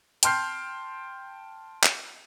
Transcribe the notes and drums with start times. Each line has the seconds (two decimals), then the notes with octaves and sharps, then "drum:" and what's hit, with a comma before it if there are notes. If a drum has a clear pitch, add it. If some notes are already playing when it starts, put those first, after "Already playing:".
0.23 G5 A5 C6 F6 G6 C7, drum: hi-hat
1.83 drum: clap